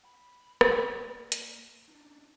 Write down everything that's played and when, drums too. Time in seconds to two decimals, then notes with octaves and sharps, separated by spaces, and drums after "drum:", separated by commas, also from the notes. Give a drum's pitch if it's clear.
0.05 B5
0.61 A#3 D5, drum: rim click
1.32 drum: hi-hat
1.89 D4 D#4